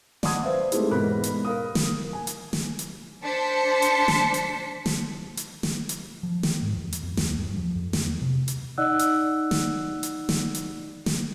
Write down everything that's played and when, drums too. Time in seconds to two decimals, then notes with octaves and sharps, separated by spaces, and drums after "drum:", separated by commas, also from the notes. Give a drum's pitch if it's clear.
0.23 D5 F#5 A5 C6 D#6 G#6, drum: snare
0.43 B4 C5 E5 F5
0.72 G#3 A3 C4 D#4 E4 G4, drum: hi-hat
0.91 E1 G#2 B3 A#4 B5 F#6
1.24 drum: hi-hat
1.45 A#4 F5 D#6
1.75 drum: snare
2.13 G#5
2.27 drum: hi-hat
2.53 drum: snare
2.79 drum: hi-hat
3.24 D4 C5 A5 B6 C#7
3.82 drum: hi-hat
4.08 drum: snare
4.34 drum: hi-hat
4.86 drum: snare
5.37 drum: hi-hat
5.63 drum: snare
5.89 drum: hi-hat
6.23 F3
6.43 D#3, drum: snare
6.62 G#2
6.76 E2
6.92 drum: hi-hat
7.03 F2
7.17 D#2, drum: snare
7.37 G2
7.57 F3
7.75 F2
7.93 E2, drum: snare
8.22 C3
8.48 drum: hi-hat
8.78 D#4 D5 D#5 F#5 E6 F#6
8.99 drum: hi-hat
9.51 drum: snare
10.03 drum: hi-hat
10.29 drum: snare
10.55 drum: hi-hat
11.06 drum: snare